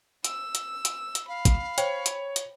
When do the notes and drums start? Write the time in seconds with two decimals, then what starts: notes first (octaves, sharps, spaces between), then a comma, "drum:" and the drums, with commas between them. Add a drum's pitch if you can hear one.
0.24 E6, drum: hi-hat
0.55 drum: hi-hat
0.85 drum: hi-hat
1.15 drum: hi-hat
1.28 F5 B5
1.45 drum: kick, hi-hat
1.78 C5 C#5 G5, drum: hi-hat
2.06 drum: hi-hat
2.36 drum: hi-hat